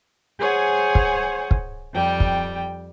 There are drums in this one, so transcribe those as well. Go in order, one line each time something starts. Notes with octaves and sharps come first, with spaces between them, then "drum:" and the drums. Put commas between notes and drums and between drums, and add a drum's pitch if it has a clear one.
G#4 C5 C#5 F#5 G#5
drum: kick
drum: kick
F2 G3 G5
drum: kick